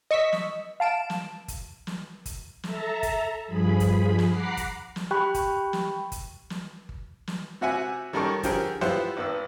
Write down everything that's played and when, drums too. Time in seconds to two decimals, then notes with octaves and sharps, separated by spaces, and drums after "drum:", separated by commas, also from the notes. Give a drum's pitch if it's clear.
0.11 D#5 C#6 E6 B6
0.32 drum: snare
0.80 F5 A5 D7 E7
1.10 drum: snare
1.48 drum: kick G1, hi-hat
1.87 drum: snare
2.26 drum: kick G1, hi-hat
2.63 A4 E5 A5 A#5, drum: snare
3.03 drum: kick G1, hi-hat
3.47 G2 F3 G#4 B5
3.80 drum: kick G1, hi-hat
4.19 drum: snare
4.28 F#5 A#5 B5 D6 F#6 C7
4.57 drum: kick G1, hi-hat
4.96 drum: snare
5.11 G4 G5 B5 C#6 F#6
5.34 drum: kick G1, hi-hat
5.73 drum: snare
6.12 drum: kick G1, hi-hat
6.50 drum: snare
6.89 drum: kick G1
7.27 drum: snare
7.61 C3 F#4 E5 F#5 G#5
8.13 D#3 G3 C#4 A4 A#4 C#6
8.43 D3 F3 G4 G#4 A#4, drum: kick G1, hi-hat
8.81 B3 E4 F4 G4 C5 F#5, drum: snare
9.17 G#1 B3 E6